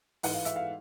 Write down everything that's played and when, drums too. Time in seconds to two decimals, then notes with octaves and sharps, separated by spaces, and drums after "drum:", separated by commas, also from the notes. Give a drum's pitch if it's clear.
0.23 G#2 E3 F#5, drum: open hi-hat
0.34 F5
0.45 E5, drum: hi-hat
0.56 F5